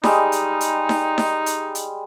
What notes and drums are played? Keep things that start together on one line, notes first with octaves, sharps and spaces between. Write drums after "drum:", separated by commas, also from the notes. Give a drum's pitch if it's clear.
G3 G#3 D#4, drum: snare D#4
drum: hi-hat
drum: hi-hat
drum: snare D#4
drum: snare D#4
drum: hi-hat
drum: hi-hat